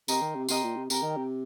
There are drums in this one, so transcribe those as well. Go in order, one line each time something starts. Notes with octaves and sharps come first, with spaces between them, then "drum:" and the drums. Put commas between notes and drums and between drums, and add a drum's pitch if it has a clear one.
C3 A#4 D#5 G5 C6, drum: tambourine
D#3
C3
C3 A#4 D#5 G5 C6, drum: tambourine
A#2
C3
C3 G4 A#4 G5, drum: tambourine
D#3
C3